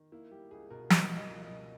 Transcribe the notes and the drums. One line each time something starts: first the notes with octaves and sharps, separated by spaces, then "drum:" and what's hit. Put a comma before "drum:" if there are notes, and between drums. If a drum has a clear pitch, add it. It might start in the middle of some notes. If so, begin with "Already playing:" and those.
Already playing: D#3
A#3 E4
G3 G4
C#2 G#4
B2 A#4
A#3 D#5, drum: snare
G3
D#5
C#2
D#5
B2